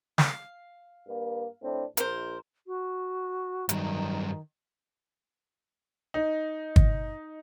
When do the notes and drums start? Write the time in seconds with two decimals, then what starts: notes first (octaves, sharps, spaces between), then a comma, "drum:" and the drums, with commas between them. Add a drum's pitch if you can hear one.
0.18 F5, drum: snare
1.07 G2 A#3
1.61 A2 C4 D4
1.97 A#1 A#4 C5, drum: hi-hat
2.67 F#4
3.69 G2 D#3 F#3, drum: hi-hat
6.14 D#4
6.76 drum: kick